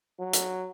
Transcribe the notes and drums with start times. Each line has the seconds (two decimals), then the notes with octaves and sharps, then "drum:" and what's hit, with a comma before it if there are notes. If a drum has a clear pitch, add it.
0.20 F#3
0.33 drum: hi-hat